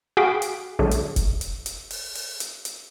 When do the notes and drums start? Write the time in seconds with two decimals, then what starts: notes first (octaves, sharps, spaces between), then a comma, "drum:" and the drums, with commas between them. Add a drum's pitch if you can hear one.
0.17 F#4 G#4 F5 G5 B5 D6
0.42 drum: hi-hat
0.79 A#1 D3 F#3 G#3 A3
0.91 drum: hi-hat
1.16 drum: kick F1, hi-hat
1.41 drum: hi-hat
1.66 drum: hi-hat
1.91 drum: open hi-hat
2.15 drum: open hi-hat
2.40 drum: hi-hat
2.65 drum: hi-hat